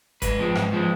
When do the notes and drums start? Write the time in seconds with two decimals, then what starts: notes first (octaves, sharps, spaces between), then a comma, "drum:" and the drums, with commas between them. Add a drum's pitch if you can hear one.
0.22 G#2 B4, drum: kick G1, hi-hat
0.39 F3 G#3 C4
0.55 G#2, drum: rim click
0.72 F3 G#3 C4